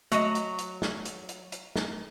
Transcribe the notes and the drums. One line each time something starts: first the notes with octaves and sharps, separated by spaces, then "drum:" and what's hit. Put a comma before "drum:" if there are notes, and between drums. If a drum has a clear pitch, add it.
F#3 A3 D#5, drum: hi-hat
drum: hi-hat
drum: hi-hat
drum: snare
drum: hi-hat
drum: hi-hat
drum: hi-hat
drum: snare